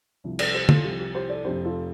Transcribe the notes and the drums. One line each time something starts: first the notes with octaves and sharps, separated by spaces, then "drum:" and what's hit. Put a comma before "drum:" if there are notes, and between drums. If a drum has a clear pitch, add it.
C2 C3 F3
A4 D5, drum: cymbal
G4 C5
F4 A4, drum: tom
C2 C3 F3 G4
G4
G4 C5
A4 D5
F1 F2 F3 C4 G4 C5
F4 A4